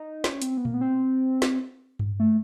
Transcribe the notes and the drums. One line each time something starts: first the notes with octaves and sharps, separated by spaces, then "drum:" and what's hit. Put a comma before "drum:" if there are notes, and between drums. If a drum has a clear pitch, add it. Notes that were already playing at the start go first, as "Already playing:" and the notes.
Already playing: D#4
C#4, drum: snare
C4, drum: hi-hat
B3
A#3, drum: tom A#2
B3
C4
drum: snare
drum: tom G2
A3